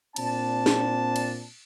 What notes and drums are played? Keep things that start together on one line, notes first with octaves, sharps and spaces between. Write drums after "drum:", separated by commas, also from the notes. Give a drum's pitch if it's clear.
A#2 C4 D4 A5, drum: cymbal
drum: snare
drum: cymbal